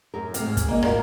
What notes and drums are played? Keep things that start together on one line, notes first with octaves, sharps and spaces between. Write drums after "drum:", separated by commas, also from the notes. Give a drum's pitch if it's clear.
F#2 A#4
C3 A3 F5, drum: hi-hat
G#2 G#3
drum: kick, hi-hat
A#3 D#4
A#2 F#4 A#4, drum: rim click